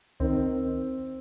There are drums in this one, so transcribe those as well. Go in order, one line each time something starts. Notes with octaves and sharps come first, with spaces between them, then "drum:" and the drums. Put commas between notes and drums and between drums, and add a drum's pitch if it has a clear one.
D#3 C4, drum: kick C2